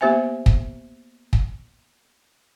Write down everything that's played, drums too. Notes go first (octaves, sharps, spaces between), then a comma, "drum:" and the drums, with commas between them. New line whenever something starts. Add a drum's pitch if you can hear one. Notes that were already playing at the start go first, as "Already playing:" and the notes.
A#3 B3 G4 C5 E5 G#5
drum: kick
drum: kick